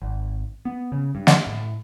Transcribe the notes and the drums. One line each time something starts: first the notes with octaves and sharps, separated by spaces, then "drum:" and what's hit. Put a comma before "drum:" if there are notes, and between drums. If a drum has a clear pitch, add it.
G#1
B3
C#3
G2
drum: snare
A2